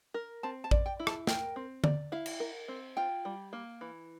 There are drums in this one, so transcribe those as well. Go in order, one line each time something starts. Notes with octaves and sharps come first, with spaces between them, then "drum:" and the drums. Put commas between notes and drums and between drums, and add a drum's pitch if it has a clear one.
A#4
C4 A5
A5
D5, drum: kick A1
G5
E4
A5, drum: rim click
A#4 G5, drum: snare
C4
D5, drum: tom D3
E4 F5
drum: cymbal
A#4
C4
F4 G5
G3
A#3
E3